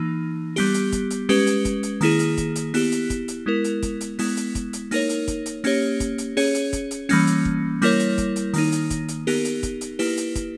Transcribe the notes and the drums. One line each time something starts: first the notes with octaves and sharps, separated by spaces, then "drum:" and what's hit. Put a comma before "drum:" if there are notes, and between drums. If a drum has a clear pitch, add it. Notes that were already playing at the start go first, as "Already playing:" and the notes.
Already playing: E3 A#3 D#4
G3 B3 G4, drum: open hi-hat
drum: hi-hat
drum: kick, hi-hat
drum: hi-hat
G#3 C#4 G4 B4, drum: open hi-hat
drum: hi-hat
drum: kick, hi-hat
drum: hi-hat
D#3 A#3 E4 G#4, drum: open hi-hat
drum: hi-hat
drum: kick, hi-hat
drum: hi-hat
B3 E4 G4, drum: open hi-hat
drum: hi-hat
drum: kick, hi-hat
drum: hi-hat
G#3 B3 E4 A#4
drum: hi-hat
drum: kick, hi-hat
drum: hi-hat
G#3 B3 E4, drum: open hi-hat
drum: hi-hat
drum: kick, hi-hat
drum: hi-hat
A#3 D#4 A#4 C#5, drum: open hi-hat
drum: hi-hat
drum: kick, hi-hat
drum: hi-hat
A#3 C#4 G4 C#5, drum: open hi-hat
drum: kick, hi-hat
drum: hi-hat
C#4 G#4 C#5, drum: open hi-hat
drum: hi-hat
drum: kick, hi-hat
drum: hi-hat
E3 G3 A#3 C#4, drum: open hi-hat
drum: hi-hat
drum: kick
G3 A#3 E4 A#4 C#5, drum: open hi-hat
drum: hi-hat
drum: kick, hi-hat
drum: hi-hat
D#3 A#3 D#4, drum: open hi-hat
drum: hi-hat
drum: kick, hi-hat
drum: hi-hat
B3 D#4 G4 A#4, drum: open hi-hat
drum: hi-hat
drum: kick, hi-hat
drum: hi-hat
A#3 E4 G4 B4, drum: open hi-hat
drum: hi-hat
drum: kick, hi-hat